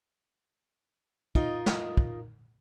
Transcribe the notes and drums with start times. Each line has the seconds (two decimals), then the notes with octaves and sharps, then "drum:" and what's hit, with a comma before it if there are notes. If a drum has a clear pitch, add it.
1.35 D#4 F4 A#4 D#5, drum: kick
1.66 drum: snare
1.97 drum: kick